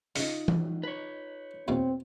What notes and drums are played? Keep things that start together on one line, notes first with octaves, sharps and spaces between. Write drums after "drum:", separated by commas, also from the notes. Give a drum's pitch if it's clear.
C#3 D#4 F4 D#5, drum: open hi-hat
drum: tom
B4 C#5
E2 B2 A#3 C4